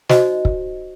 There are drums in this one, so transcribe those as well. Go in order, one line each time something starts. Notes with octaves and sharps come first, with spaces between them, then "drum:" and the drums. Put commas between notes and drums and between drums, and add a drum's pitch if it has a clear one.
D#4 F#4 C5 D5 D#5, drum: snare
drum: kick